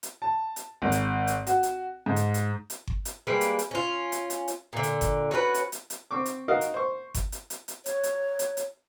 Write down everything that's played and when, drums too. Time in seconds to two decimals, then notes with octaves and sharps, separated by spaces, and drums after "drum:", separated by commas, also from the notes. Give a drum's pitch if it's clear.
0.03 drum: hi-hat
0.22 A5
0.56 drum: hi-hat
0.82 G#1
0.92 drum: hi-hat
1.27 drum: hi-hat
1.47 F#4, drum: hi-hat
1.63 drum: hi-hat
2.06 G#2
2.16 drum: hi-hat
2.34 drum: hi-hat
2.70 drum: hi-hat
2.87 drum: kick G1
3.05 drum: hi-hat
3.27 G3 G#3 A#3 B4
3.41 drum: hi-hat
3.59 drum: hi-hat
3.71 C#4 F4
4.12 drum: hi-hat
4.30 drum: hi-hat
4.48 drum: hi-hat
4.73 A#2 D3
4.83 drum: hi-hat
5.01 drum: kick G1, hi-hat
5.31 C#4 F#4 A#4 B4
5.54 drum: hi-hat
5.72 drum: hi-hat
5.90 drum: hi-hat
6.11 C4 C#6 D6
6.26 drum: hi-hat
6.48 D#4 F#4 A#4 D#5 F5
6.61 drum: hi-hat
6.74 C5 C#6
7.14 drum: kick G1, hi-hat
7.32 drum: hi-hat
7.50 drum: hi-hat
7.68 drum: hi-hat
7.86 C#5, drum: hi-hat
8.03 drum: hi-hat
8.39 drum: hi-hat
8.57 drum: hi-hat